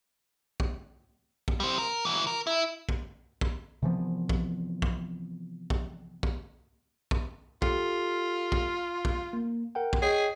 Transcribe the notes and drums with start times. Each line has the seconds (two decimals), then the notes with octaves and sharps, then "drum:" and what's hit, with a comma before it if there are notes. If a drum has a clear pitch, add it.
0.60 drum: kick B1
1.48 drum: kick B1
1.60 G3 C4
1.78 A#4
2.05 E3 F#4
2.27 A#4
2.47 E4
2.89 drum: kick B1
3.41 drum: kick B1
3.83 C3 E3 F3 B3
4.29 drum: kick B1
4.82 drum: kick B1
5.70 drum: kick B1
6.23 drum: kick B1
7.11 drum: kick B1
7.62 F4 G4 A4, drum: kick B1
8.52 drum: kick B1
9.05 drum: kick B1
9.33 A#3
9.75 A#4 F#5 G5
9.93 drum: kick B1
10.02 G#4 C#5 D#5 G5